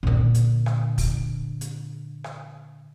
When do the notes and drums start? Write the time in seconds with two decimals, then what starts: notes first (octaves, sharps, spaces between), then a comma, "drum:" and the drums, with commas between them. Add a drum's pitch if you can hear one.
0.03 A#2 D3
0.35 drum: hi-hat
0.66 drum: rim click
0.98 drum: kick, open hi-hat
1.61 drum: hi-hat
2.24 drum: rim click